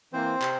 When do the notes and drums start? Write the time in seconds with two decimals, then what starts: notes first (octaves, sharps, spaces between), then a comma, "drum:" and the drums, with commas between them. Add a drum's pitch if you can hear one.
0.13 E3 A#3 C4 C5
0.41 C3, drum: clap